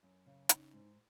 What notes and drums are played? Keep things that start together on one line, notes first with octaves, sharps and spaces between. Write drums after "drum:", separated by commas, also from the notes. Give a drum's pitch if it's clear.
F#2
C#3
D#4, drum: hi-hat
G#2